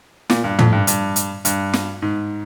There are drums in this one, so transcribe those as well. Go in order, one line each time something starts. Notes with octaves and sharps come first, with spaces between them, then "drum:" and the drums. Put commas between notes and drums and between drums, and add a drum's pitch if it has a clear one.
A#2, drum: snare
G2
F2, drum: tom
G2
G2, drum: hi-hat
drum: hi-hat
G2, drum: hi-hat
drum: snare
G#2